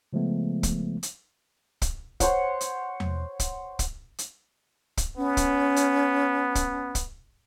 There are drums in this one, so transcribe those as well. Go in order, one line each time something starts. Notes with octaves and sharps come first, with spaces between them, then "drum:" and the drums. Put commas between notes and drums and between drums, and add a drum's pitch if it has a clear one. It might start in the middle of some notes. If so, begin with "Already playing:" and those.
C#3 F3 G#3 A3 B3
drum: kick, hi-hat
drum: hi-hat
drum: kick, hi-hat
C5 C#5 F#5, drum: kick, hi-hat
drum: hi-hat
drum: tom E2
drum: kick, hi-hat
drum: kick, hi-hat
drum: hi-hat
drum: kick, hi-hat
B3 C#4
drum: kick, hi-hat
drum: hi-hat
drum: kick, hi-hat
drum: kick, hi-hat